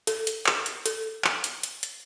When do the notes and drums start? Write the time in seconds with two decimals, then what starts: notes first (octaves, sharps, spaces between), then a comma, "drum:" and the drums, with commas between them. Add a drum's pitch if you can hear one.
0.07 A4, drum: hi-hat
0.27 drum: hi-hat
0.46 drum: clap
0.66 drum: hi-hat
0.86 A4, drum: hi-hat
1.24 drum: clap
1.44 drum: hi-hat
1.63 drum: hi-hat
1.83 drum: hi-hat